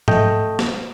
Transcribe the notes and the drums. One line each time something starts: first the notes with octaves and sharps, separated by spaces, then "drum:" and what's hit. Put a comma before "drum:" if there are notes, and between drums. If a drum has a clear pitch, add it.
A3 D#5 G5, drum: tom G#2
drum: snare